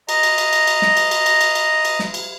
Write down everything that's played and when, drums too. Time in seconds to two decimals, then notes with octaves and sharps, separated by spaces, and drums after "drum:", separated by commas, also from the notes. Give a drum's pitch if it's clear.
0.09 D#5 A#5, drum: cymbal
0.23 drum: cymbal
0.38 drum: cymbal
0.53 drum: cymbal
0.67 drum: cymbal
0.82 drum: snare
0.97 drum: cymbal
1.11 drum: cymbal
1.26 drum: cymbal
1.41 drum: cymbal
1.55 drum: cymbal
1.85 drum: cymbal
1.99 drum: snare
2.14 drum: cymbal